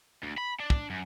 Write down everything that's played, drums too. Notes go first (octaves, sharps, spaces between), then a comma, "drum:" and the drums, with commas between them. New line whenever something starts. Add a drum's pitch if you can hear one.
D2
B5
D4
drum: kick
F#2